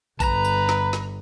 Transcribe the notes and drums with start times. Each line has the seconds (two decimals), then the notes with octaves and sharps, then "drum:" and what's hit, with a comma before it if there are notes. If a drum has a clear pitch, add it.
0.20 G1 B4 A5 A#5, drum: kick A1, tambourine
0.45 drum: tambourine
0.69 drum: snare
0.93 drum: snare